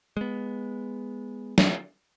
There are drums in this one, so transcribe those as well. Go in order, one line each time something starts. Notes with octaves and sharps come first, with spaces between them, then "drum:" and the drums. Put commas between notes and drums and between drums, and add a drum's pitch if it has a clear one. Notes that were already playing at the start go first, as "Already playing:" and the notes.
G#3 B3
drum: snare